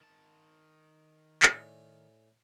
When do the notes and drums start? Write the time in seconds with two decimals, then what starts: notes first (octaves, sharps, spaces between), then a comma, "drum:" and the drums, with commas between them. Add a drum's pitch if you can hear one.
0.01 D#3 A5
1.43 A2 D5 G#5, drum: clap